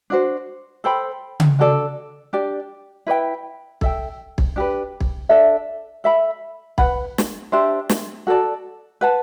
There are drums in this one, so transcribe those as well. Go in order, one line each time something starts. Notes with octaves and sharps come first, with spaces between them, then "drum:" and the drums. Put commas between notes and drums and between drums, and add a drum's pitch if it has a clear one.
D4 F#4 C5
A4 C5 G5 B5
drum: tom C#3
D4 F#4 A4 D5
D4 G4 D5
E4 B4 D5 G5
A4 E5 G5, drum: kick
drum: kick
D4 G4 B4
drum: kick
D4 A4 E5
A4 E5 B5
B4 F#5 B5, drum: kick
drum: snare
D4 G4 C5 E5
drum: snare
F#4 A4 D5 A5
B4 F#5 A5